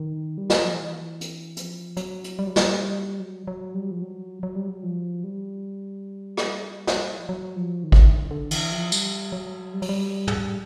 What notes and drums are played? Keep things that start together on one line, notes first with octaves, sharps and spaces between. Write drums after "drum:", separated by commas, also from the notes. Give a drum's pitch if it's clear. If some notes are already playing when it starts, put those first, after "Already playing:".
Already playing: D#3
G3
F#3, drum: snare
F3
E3
drum: hi-hat
F3, drum: hi-hat
F#3, drum: hi-hat
drum: hi-hat
G3
F#3
G3, drum: snare
F#3
F#3
G3
F3
F#3
F#3
G3
F#3
F3
G3
drum: rim click
drum: snare
F3
F#3
F3
D#3
E3, drum: kick G#1
D#3
D3
D3
E3, drum: cymbal
F3
G3, drum: tambourine
F#3
G3
F#3, drum: open hi-hat
G3
drum: tom